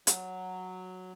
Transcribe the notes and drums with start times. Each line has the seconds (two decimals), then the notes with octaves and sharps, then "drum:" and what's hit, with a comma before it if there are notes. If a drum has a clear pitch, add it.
0.07 F#3, drum: hi-hat